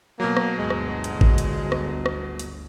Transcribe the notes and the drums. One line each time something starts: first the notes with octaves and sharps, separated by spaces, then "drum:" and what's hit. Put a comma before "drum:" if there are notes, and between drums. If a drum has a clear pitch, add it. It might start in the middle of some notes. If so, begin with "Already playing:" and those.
B2 F#3 A#3
drum: rim click
G1 D2 G#3
drum: rim click
drum: hi-hat
drum: kick
drum: hi-hat
drum: rim click
drum: rim click
drum: hi-hat